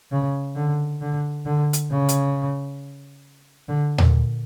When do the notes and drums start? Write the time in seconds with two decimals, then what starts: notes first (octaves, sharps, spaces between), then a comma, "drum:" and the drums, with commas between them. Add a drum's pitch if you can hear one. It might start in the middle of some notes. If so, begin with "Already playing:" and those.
0.12 C#3
0.56 D3
1.02 D3
1.46 D3
1.73 drum: hi-hat
1.91 C#3
2.09 drum: hi-hat
3.69 D3
3.98 A#2, drum: tom D#2